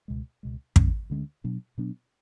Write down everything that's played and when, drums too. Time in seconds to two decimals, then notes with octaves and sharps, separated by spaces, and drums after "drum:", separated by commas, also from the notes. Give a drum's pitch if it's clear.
0.08 C#2 B2 G#3
0.43 C#2 B2 G#3
0.76 D2 D3 G#3 C#4, drum: kick
1.10 D2 D3 G#3 C#4
1.44 B2 F#3 B3 D4
1.78 B2 F#3 B3 D4